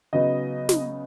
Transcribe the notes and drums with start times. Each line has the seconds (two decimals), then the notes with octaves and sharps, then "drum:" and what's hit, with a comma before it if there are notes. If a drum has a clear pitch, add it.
0.13 C#3 F#3 B3 D#4 D#5
0.69 drum: snare